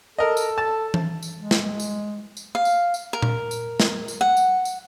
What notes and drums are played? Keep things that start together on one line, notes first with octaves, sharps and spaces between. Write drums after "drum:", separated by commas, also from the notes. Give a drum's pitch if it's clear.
A4 A#4 D#5
drum: tambourine
A5
drum: tom E3
drum: tambourine
G#3
drum: snare
drum: tambourine
drum: tambourine
F5
drum: tambourine
drum: tambourine
A#4
drum: tom A#2
drum: tambourine
drum: snare
drum: tambourine
F#5
drum: tambourine
drum: tambourine